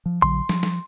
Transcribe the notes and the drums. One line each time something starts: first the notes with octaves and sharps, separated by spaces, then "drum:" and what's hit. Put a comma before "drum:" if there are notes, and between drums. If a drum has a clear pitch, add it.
F3
A#1 D3 F#3 C6
F3, drum: snare
drum: snare